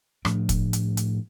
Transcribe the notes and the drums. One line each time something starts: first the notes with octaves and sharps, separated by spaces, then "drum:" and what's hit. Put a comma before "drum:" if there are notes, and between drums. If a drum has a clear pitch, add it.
A2 F3 A3 D4, drum: rim click
drum: kick, hi-hat
drum: hi-hat
drum: hi-hat